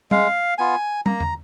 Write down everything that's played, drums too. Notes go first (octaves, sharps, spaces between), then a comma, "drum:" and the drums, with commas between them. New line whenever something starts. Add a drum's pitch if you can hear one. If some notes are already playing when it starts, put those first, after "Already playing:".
G#3 F5, drum: tom
B3 F4 G#5
A#3 A#5, drum: tom
drum: tom E2